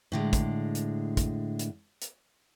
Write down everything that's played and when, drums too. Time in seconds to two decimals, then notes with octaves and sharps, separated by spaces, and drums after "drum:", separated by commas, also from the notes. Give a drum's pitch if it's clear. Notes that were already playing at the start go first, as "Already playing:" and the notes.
0.12 A2 D3 G#3
0.33 drum: kick, hi-hat
0.75 drum: hi-hat
1.17 drum: kick, hi-hat
1.59 drum: hi-hat
2.02 drum: hi-hat